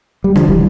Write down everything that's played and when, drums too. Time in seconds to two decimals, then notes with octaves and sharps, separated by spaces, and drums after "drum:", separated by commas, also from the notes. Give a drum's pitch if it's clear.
0.24 G3
0.36 D3 F3, drum: rim click
0.48 E3 G3, drum: kick